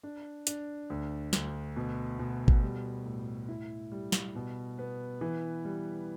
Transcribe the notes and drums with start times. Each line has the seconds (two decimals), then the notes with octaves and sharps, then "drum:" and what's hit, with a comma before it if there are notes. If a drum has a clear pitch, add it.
0.03 D4
0.47 D4, drum: hi-hat
0.90 D2
1.33 D2, drum: snare
1.76 B2
2.19 B2
2.48 drum: kick G#1
2.63 G3
3.06 A2
3.48 E4
3.92 G3
4.12 drum: snare
4.35 B2
4.79 B3
5.21 E3
5.65 G3